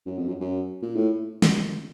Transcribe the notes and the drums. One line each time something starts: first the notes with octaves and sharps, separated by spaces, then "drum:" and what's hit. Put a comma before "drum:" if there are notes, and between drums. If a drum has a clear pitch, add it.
F#2
F2
F#2
F#2
A#2
A2
drum: snare